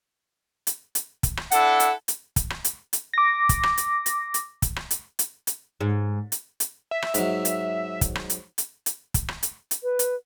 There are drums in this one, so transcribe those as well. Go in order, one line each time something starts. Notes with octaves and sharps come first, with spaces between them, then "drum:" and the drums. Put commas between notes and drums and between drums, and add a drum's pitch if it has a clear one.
drum: hi-hat
drum: hi-hat
drum: kick, hi-hat
drum: rim click
D4 E4 A4 F#5, drum: hi-hat
drum: hi-hat
drum: hi-hat
drum: kick, hi-hat
drum: rim click
drum: hi-hat
drum: hi-hat
D6 A#6
drum: kick, hi-hat
drum: rim click
drum: hi-hat
drum: hi-hat
drum: hi-hat
drum: kick, hi-hat
drum: rim click
drum: hi-hat
drum: hi-hat
drum: hi-hat
G#2
drum: hi-hat
drum: hi-hat
E5
drum: rim click
G#2 F#3, drum: hi-hat
drum: hi-hat
drum: kick, hi-hat
drum: rim click
drum: hi-hat
drum: hi-hat
drum: hi-hat
drum: kick, hi-hat
drum: rim click
drum: hi-hat
drum: hi-hat
B4
drum: hi-hat